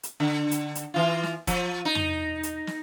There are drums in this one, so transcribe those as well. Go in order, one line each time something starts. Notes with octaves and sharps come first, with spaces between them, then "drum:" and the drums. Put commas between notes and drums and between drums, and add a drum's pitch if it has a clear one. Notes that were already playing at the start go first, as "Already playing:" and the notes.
drum: hi-hat
D3
drum: hi-hat
drum: hi-hat
E3 F4
drum: snare
F3, drum: kick F1, hi-hat
D#4
drum: tom F2
drum: hi-hat
drum: snare